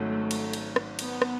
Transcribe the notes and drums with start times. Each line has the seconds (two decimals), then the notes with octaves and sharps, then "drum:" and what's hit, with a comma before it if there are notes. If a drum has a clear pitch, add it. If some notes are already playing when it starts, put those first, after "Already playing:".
Already playing: G#1 G#2 F#3 A3 C#4 F#4
0.31 drum: cymbal
0.53 drum: cymbal
0.76 drum: rim click
0.99 B3, drum: cymbal
1.22 drum: rim click